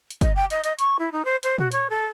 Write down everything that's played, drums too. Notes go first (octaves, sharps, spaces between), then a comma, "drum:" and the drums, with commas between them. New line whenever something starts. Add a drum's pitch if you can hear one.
drum: hi-hat
D#5, drum: kick, hi-hat
G5
D#5, drum: hi-hat
D#5, drum: hi-hat
C#6, drum: hi-hat
E4
D#4
C5
C5, drum: hi-hat
F#4, drum: tom
C#5, drum: hi-hat
A4